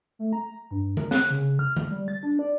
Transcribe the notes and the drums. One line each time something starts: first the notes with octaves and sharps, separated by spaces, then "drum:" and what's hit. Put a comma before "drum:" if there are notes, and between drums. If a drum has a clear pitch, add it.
A3
A#5
G2
A#4, drum: tom D3
F#6, drum: snare
C#3
F6
drum: tom D3
G3
A6
D4
D5